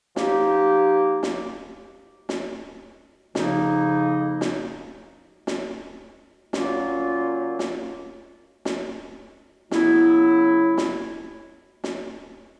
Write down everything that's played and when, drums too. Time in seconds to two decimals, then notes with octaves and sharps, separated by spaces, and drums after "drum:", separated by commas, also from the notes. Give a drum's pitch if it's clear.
0.16 F3 A#3 D#4 G4, drum: snare
1.23 drum: snare
2.29 drum: snare
3.35 F2 C#3 F3 A#3 D#4, drum: snare
4.41 drum: snare
5.47 drum: snare
6.53 A#2 F#3 A#3 C#4 F4, drum: snare
7.59 drum: snare
8.65 drum: snare
9.71 C#3 F#3 B3 E4, drum: snare
10.78 drum: snare
11.84 drum: snare